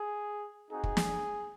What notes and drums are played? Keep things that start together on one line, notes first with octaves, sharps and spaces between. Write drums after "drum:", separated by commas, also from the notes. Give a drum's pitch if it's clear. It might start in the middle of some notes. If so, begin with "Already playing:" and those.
Already playing: G#4
C4 D#4 F#4 G#4
drum: kick
drum: snare